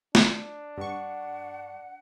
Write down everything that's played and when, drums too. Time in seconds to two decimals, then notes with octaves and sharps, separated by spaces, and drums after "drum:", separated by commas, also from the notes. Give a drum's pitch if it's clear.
0.15 D4, drum: snare
0.78 G2 F#5 C#6